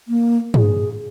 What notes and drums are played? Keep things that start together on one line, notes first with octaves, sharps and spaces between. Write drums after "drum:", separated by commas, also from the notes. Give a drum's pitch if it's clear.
A#3
G#4, drum: tom